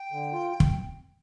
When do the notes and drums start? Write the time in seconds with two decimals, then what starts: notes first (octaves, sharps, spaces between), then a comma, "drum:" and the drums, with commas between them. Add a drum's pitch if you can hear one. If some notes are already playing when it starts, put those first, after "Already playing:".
Already playing: G5
0.12 D3
0.33 F4
0.60 drum: kick